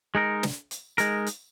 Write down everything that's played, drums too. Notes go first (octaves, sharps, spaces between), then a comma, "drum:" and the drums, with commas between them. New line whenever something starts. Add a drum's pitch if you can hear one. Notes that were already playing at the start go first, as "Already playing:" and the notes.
G#3 D#4 A#4
drum: snare
drum: hi-hat
G#3 D#4 A#4, drum: hi-hat
drum: hi-hat